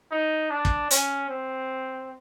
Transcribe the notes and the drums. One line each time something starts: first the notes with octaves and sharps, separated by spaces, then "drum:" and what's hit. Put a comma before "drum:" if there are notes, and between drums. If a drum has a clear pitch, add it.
D#4
D4
drum: kick
C#4, drum: hi-hat
C4